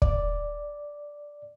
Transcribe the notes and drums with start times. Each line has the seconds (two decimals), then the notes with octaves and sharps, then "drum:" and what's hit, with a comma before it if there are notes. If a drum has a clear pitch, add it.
0.02 D5, drum: kick